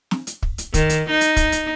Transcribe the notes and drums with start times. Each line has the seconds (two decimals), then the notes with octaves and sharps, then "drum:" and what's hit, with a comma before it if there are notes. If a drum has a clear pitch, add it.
0.11 drum: snare
0.27 drum: hi-hat
0.43 drum: kick
0.58 drum: hi-hat
0.74 D#3, drum: kick, hi-hat
0.90 drum: hi-hat
1.11 D#4
1.21 drum: hi-hat
1.37 drum: kick, hi-hat
1.52 drum: hi-hat